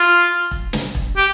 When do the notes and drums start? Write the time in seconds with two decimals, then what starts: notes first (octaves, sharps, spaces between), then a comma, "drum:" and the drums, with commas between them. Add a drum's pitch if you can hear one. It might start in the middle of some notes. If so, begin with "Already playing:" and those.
Already playing: F4
0.51 drum: kick E1
0.73 drum: snare
0.95 drum: kick E1
1.16 G4